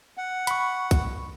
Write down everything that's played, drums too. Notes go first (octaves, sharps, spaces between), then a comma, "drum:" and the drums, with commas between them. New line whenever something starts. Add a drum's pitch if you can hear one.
F#5
B5 C#6, drum: hi-hat
drum: kick, hi-hat